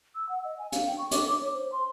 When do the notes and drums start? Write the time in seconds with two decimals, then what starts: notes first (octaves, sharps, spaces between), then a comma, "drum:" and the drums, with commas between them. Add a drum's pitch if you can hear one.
0.15 E6
0.29 F#5
0.44 D#5
0.59 G#5
0.72 F5, drum: hi-hat
0.87 G5
0.98 C#6
1.11 D6, drum: hi-hat
1.27 D6
1.41 C#5
1.54 C5
1.72 C6